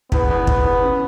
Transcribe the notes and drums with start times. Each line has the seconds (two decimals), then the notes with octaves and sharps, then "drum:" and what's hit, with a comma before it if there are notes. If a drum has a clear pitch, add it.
0.12 E2 B3, drum: kick
0.30 E2
0.47 E2, drum: kick
0.65 E2
0.82 C#4